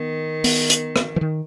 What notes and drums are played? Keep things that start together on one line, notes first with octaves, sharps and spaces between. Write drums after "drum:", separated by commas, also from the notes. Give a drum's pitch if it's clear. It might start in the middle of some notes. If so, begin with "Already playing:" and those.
Already playing: D#3 B3
B3, drum: open hi-hat
drum: hi-hat
drum: rim click
E3
D#3